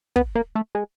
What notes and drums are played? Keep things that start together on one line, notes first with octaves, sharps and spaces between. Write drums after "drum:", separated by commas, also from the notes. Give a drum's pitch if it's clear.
B3, drum: kick
A#3
A3
G#3